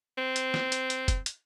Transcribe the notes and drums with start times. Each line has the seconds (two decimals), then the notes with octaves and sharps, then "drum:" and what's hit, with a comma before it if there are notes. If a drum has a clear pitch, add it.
0.18 C4
0.36 drum: hi-hat
0.54 drum: snare
0.72 drum: hi-hat
0.90 drum: hi-hat
1.08 drum: kick F1, hi-hat
1.26 drum: hi-hat